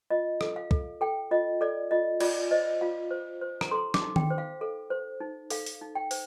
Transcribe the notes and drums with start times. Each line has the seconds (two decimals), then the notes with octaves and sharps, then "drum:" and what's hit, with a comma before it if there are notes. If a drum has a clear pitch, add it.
0.11 F4 D#5
0.41 A4, drum: rim click
0.56 F5
0.71 A4, drum: kick
1.01 A4 G5
1.31 F4 D#5
1.61 A4 D5
1.91 F4 D#5
2.20 F4 D5, drum: cymbal
2.51 C5 D#5
2.81 F4 F5
3.11 C5
3.41 C5
3.61 A#5, drum: rim click
3.71 A4 C6
3.94 D6, drum: snare
4.01 D#4
4.16 G5, drum: tom D#3
4.30 C5
4.38 F5
4.61 A4
4.90 C5
5.20 D#4
5.50 A4 F5, drum: open hi-hat
5.66 drum: open hi-hat
5.81 D#4
5.95 G5
6.11 C5, drum: open hi-hat